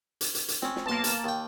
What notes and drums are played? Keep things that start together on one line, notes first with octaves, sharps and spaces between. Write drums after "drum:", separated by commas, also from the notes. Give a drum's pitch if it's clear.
drum: hi-hat
drum: hi-hat
drum: hi-hat
C4 C#4, drum: snare
drum: snare
B1 A#3 A5 C6
drum: hi-hat
D#2 G5